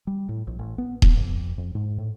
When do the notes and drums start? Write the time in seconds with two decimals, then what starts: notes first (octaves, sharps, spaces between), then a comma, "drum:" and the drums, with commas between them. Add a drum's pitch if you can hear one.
0.07 G3
0.29 A2
0.47 A#1
0.59 A1
0.78 B3
1.02 B3, drum: kick D#1
1.17 F2
1.58 F2
1.75 G#2
1.98 A2